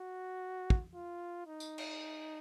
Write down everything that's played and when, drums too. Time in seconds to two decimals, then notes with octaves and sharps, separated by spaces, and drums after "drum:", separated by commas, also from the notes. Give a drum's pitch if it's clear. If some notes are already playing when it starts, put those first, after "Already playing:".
Already playing: F#4
0.70 drum: kick
0.94 F4
1.47 D#4
1.60 drum: tambourine
1.78 drum: cymbal